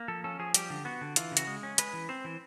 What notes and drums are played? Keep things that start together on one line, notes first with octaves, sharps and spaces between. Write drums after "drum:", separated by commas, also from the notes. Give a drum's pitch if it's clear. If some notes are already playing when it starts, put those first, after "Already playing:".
Already playing: A#3
F3 A4
C#4 A4
F3 G#4
G3 G4, drum: hi-hat
D3
B3 F#4
D3
E3 F4, drum: hi-hat
C#3
F#4, drum: hi-hat
G#3
C#4
G#3 B4, drum: hi-hat
E3
C4 C5
E3